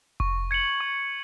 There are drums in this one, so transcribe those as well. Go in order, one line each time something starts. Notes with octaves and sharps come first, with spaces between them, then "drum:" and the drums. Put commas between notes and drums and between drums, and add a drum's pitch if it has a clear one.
C#6, drum: kick F1
G#6 C#7 F#7
C#6